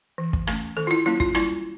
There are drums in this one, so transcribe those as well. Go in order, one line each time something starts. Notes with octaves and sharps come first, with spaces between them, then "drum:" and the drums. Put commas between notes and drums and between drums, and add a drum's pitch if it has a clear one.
E3
drum: kick
A3 C#4, drum: rim click
D#3 A4
F4
E4
F#3 A#3 C#4 E4
F4, drum: kick
G3 E4, drum: rim click